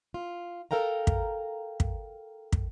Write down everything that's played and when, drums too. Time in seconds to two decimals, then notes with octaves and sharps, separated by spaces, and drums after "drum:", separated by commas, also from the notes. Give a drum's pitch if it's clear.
0.14 F4
0.71 A4 A#4 F5 G5 A#5
1.07 drum: kick
1.80 drum: kick
2.52 drum: kick